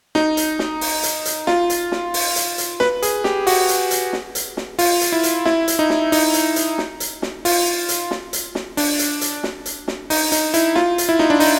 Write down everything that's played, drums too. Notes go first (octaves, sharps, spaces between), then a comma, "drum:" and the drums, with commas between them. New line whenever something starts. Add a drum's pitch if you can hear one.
D#4, drum: snare
drum: hi-hat
drum: snare
drum: open hi-hat
drum: hi-hat
drum: hi-hat
F4, drum: snare
drum: hi-hat
drum: snare
drum: open hi-hat
drum: hi-hat
drum: hi-hat
B4, drum: snare
G#4, drum: hi-hat
G4, drum: snare
F#4, drum: open hi-hat
drum: hi-hat
drum: hi-hat
drum: snare
drum: hi-hat
drum: snare
F4, drum: open hi-hat
drum: hi-hat
E4
drum: hi-hat
E4, drum: snare
drum: hi-hat
D#4
drum: snare
D#4, drum: open hi-hat
drum: hi-hat
drum: hi-hat
drum: snare
drum: hi-hat
drum: snare
F4, drum: open hi-hat
drum: hi-hat
drum: snare
drum: hi-hat
drum: snare
D4, drum: open hi-hat
drum: hi-hat
drum: hi-hat
drum: snare
drum: hi-hat
drum: snare
D#4, drum: open hi-hat
D#4, drum: hi-hat
E4, drum: hi-hat
F4, drum: snare
drum: hi-hat
E4
D#4, drum: snare
D4
D#4, drum: open hi-hat